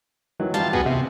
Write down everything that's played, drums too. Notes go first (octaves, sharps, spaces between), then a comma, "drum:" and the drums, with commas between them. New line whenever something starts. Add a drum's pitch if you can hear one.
D#3 E3 F#3
E2 G3 F4 A5, drum: snare
B3 F#4 G#4, drum: kick
C3 E5